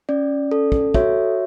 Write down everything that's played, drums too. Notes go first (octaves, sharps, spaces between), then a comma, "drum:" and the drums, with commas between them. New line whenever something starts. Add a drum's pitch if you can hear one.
C#4 D5
A4
drum: kick
F#4 C#5 E5, drum: kick